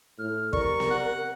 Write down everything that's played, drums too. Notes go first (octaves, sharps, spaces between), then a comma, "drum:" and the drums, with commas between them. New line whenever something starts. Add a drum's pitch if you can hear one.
A2 F6
C3 A#4 D5 C#6, drum: kick
drum: snare B3
F#5